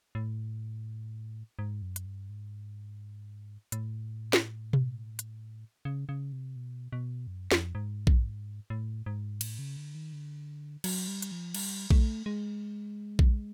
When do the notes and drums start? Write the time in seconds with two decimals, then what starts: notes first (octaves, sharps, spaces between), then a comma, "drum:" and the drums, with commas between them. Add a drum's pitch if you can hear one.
0.15 A2
1.59 G#2
1.82 F#2
1.96 drum: hi-hat
2.06 G2
2.29 G#2
3.72 A2, drum: hi-hat
4.33 drum: snare
4.73 drum: tom B2
5.19 drum: hi-hat
5.85 C#3
6.09 C#3
6.32 C3
6.56 B2
6.92 B2
7.27 F#2
7.51 F2, drum: snare
7.75 G#2
8.07 drum: kick A#1
8.70 A2
9.06 G#2
9.41 A2, drum: cymbal
9.59 C#3
9.77 D3
9.95 D#3
10.13 D3
10.84 F#3, drum: cymbal
11.08 G3
11.22 drum: hi-hat
11.32 F3
11.55 G3, drum: cymbal
11.90 A3, drum: kick A#1
12.26 G#3
13.19 drum: kick A#1